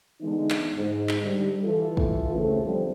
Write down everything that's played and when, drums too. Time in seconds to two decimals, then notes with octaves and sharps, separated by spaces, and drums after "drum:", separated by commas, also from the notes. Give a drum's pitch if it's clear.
0.21 D3 E3 G#3 B3 D#4
0.50 drum: clap
0.75 G#2
1.09 drum: clap
1.22 D3 G3
1.64 E3 F4 A4
1.97 drum: kick
2.34 D#2 C#3 A3 C4 A4
2.64 E2 D3 F3 G3 C4